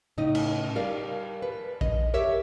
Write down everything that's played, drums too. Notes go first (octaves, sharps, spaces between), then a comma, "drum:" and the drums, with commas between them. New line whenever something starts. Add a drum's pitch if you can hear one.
A2 C#3 D#4 D#5
drum: cymbal
G3 A#4 D5 F5
B4
D#5, drum: kick A#1
G4 A#4 C#5 E5